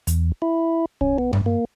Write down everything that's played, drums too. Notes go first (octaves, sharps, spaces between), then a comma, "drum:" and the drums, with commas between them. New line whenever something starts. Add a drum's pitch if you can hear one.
E2, drum: hi-hat
E4
C#4, drum: kick
B3
G2, drum: tom G2
A#3